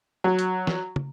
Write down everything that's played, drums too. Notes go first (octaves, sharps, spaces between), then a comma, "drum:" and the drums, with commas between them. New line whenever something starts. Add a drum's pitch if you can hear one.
F#3
drum: hi-hat
drum: snare
drum: tom